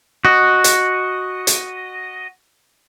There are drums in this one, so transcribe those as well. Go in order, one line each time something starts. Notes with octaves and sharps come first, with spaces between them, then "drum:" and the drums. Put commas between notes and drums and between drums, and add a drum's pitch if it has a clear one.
F#4 D#5
drum: hi-hat
drum: hi-hat